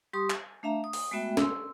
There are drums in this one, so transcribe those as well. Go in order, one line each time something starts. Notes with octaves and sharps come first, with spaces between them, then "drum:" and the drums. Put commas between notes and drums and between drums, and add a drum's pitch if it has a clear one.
G3 G4 C6 C#6 D#6
G#5, drum: clap
A3 D4 E5 F5 A#5
D#6
drum: open hi-hat
G#3 A3 B3 F#4 E5 G5
C6 E6, drum: snare